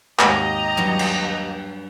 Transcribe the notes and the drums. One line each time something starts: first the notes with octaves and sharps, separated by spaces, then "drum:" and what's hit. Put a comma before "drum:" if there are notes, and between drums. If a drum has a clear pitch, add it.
G#1 D#2 G4 D#5 A#5, drum: clap
G2 F#3 C#5
drum: cymbal